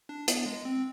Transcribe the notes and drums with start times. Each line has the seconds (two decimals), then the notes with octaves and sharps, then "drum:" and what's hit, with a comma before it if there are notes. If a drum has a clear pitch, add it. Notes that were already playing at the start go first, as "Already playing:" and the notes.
0.09 D4
0.28 B3, drum: hi-hat
0.46 G#3
0.65 C4